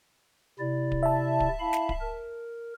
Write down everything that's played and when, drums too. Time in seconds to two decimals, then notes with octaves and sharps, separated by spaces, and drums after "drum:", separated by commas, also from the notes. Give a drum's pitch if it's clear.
0.59 C3 E4 D5
0.92 drum: kick D1
1.03 E5 A5
1.40 drum: kick D1
1.59 E4 F5 B5
1.73 drum: snare
1.89 drum: kick D1
2.01 A#4